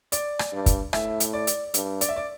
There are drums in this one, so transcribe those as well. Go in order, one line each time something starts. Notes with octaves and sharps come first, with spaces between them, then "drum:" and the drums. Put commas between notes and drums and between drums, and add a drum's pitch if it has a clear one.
D5, drum: hi-hat
drum: rim click
G2
drum: kick, hi-hat
A2 E5, drum: rim click
drum: hi-hat
D5
drum: hi-hat
G2, drum: hi-hat
D5, drum: hi-hat
E5
D5